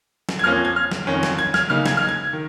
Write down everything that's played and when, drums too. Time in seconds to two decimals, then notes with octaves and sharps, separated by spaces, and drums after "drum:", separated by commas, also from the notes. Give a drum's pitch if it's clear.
0.29 drum: snare
0.39 G#6
0.44 F2 F3 A#3 C#4 F6
0.65 G#6
0.76 F6
0.92 drum: snare
1.07 F2 D#3 C#4
1.23 drum: snare
1.39 G#6
1.54 F6, drum: snare
1.70 C#3 A#3 D#4 F6
1.86 G#6, drum: snare
1.97 F6
2.09 G#6
2.33 D#3